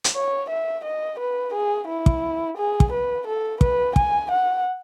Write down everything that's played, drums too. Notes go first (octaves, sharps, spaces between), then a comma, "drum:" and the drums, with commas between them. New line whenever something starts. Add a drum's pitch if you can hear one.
drum: hi-hat
C#5
E5
D#5
B4
G#4
E4
drum: kick
G#4
drum: kick
B4
A4
B4, drum: kick
G#5, drum: kick
F#5